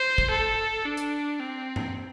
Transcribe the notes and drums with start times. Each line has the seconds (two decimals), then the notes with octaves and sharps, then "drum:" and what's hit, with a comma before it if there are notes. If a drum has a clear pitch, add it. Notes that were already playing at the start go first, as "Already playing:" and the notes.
Already playing: C5
0.18 drum: kick
0.31 A4
0.85 D4
0.97 drum: hi-hat
1.40 C4
1.76 drum: tom G2